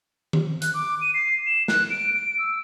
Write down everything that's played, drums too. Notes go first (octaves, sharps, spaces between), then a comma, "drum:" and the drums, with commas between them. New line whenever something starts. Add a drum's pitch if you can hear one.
drum: tom D#3
F#6, drum: hi-hat
D6
D#7
C7
E7
F#6, drum: snare
D7
D7
E6